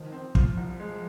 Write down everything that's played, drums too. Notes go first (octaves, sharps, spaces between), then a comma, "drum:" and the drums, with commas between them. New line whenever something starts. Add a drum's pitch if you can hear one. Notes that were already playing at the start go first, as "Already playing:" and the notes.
Already playing: D#3 F3
C4
F3 F4, drum: kick
C2
G#3